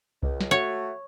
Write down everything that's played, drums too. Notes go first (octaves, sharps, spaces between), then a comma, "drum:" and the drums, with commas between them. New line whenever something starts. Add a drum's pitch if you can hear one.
C#2, drum: kick C2
drum: snare
A3 F#4 C#5